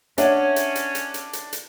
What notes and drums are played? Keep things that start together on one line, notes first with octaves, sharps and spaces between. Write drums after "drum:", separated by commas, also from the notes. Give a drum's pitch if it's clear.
C#4 D4 C#5 E5 F#5, drum: hi-hat
drum: hi-hat
drum: hi-hat
drum: hi-hat
drum: hi-hat
drum: hi-hat
drum: hi-hat